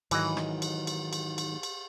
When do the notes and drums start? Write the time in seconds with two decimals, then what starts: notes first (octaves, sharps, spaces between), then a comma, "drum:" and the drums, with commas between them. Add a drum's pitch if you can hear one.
0.11 G#2 D#3 E3 F#3 D#5, drum: cymbal
0.37 drum: rim click
0.62 drum: cymbal
0.87 drum: cymbal
1.13 drum: cymbal
1.38 drum: cymbal
1.63 drum: cymbal